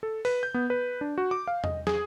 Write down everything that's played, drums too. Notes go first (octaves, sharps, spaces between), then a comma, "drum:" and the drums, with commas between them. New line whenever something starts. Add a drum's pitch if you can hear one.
A4
B4, drum: open hi-hat
G6
B3
B4
D4
F#4
D6
F5
D#5, drum: tom E2
G#4, drum: snare